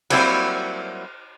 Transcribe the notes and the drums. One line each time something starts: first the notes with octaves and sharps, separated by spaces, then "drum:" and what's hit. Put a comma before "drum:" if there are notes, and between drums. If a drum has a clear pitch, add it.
F#3 G3 A#3 C4 E4 F#4, drum: cymbal